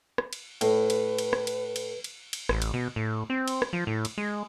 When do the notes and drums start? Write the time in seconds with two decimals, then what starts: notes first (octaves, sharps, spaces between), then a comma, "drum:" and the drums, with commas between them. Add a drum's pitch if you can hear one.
0.18 drum: rim click
0.33 drum: cymbal
0.61 A2 B4, drum: cymbal
0.90 drum: cymbal
1.18 drum: cymbal
1.33 drum: rim click
1.47 drum: cymbal
1.76 drum: cymbal
2.04 drum: cymbal
2.33 drum: cymbal
2.49 A1, drum: rim click
2.62 drum: cymbal
2.73 B2
2.96 A2
3.30 C4
3.48 drum: cymbal
3.62 drum: rim click
3.73 F3
3.87 A2
4.05 drum: cymbal
4.18 G#3